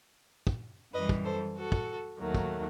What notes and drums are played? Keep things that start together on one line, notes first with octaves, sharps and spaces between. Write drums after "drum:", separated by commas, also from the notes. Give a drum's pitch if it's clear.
drum: kick
F#2 E3 G3 B4 D#5
drum: kick
A4 C5
F#4 A4
drum: kick
D#2 D#3 F#3 A3
drum: kick